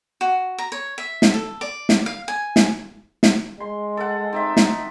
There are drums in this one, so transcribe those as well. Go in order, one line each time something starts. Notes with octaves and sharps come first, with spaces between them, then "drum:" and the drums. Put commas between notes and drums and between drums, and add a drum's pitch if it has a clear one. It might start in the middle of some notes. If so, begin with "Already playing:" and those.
F#4
A#5
C#5
E5
drum: snare
A4
D5
drum: snare
F5
G#5
drum: snare
drum: snare
G#3 C6
A4 F#5
C4 D#4 A4 E5
drum: snare